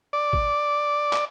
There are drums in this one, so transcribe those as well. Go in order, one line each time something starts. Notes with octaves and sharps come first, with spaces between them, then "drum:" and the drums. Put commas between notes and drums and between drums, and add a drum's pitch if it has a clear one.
D5
drum: kick
drum: clap